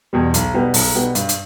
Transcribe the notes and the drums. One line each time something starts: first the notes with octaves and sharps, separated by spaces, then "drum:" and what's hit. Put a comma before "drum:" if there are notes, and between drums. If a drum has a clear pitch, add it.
E2 B2 G3
B1, drum: hi-hat
B2 G3 B3
B1, drum: open hi-hat
B2 G3 B3
G2, drum: hi-hat
drum: hi-hat